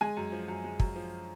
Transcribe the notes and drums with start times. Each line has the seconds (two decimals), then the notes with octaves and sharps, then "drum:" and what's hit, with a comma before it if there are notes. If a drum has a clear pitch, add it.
0.01 G#3 G#5
0.17 F#2
0.32 F3
0.48 F#2
0.64 G#3
0.80 F#2, drum: kick
0.96 F3